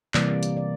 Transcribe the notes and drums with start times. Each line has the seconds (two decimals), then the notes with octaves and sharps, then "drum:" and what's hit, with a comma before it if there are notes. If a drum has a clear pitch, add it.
0.14 C3 E3 G3 A#3 D5, drum: clap
0.43 drum: hi-hat
0.57 D5